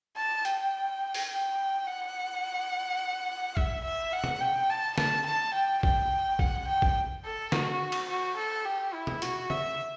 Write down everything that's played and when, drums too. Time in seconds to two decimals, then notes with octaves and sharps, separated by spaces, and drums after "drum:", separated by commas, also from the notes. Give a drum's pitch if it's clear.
0.17 A5
0.45 G5, drum: hi-hat
1.14 drum: open hi-hat
1.30 G5
1.87 F#5
3.57 E5, drum: kick
3.84 E5
4.13 F#5
4.24 drum: tom B2
4.41 G5
4.70 A5
4.98 A5, drum: snare
5.27 A5
5.54 G5
5.83 G5, drum: kick
6.39 F#5, drum: kick
6.67 G5
6.82 drum: kick
7.25 A4
7.52 F#4, drum: snare
7.92 drum: cymbal
8.10 F#4
8.37 A4
8.65 G4
8.94 E4
9.07 drum: tom B2
9.22 F#4, drum: hi-hat
9.50 E5, drum: tom